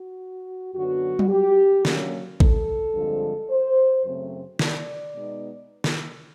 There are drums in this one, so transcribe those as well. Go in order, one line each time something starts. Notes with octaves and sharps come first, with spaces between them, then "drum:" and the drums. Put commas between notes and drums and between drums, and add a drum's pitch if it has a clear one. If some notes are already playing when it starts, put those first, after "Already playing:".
Already playing: F#4
F#2 D3 F#3 B3 F#4
drum: tom F#3
G4
D3 F#3 A#3 C#4, drum: snare
A4, drum: kick A1
G2 D3 F3 G#3 C4
C5
F#2 C#3 F#3 A3 C4
D5, drum: snare
B2 G#3 B3 D#4
drum: snare